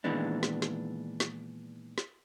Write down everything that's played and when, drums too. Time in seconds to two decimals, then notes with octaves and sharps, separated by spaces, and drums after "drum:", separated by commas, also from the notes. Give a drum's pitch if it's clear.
0.04 A#2 D#3 E3 G#3 B3 D4
0.43 drum: snare
0.62 drum: snare
1.20 drum: snare
1.98 drum: snare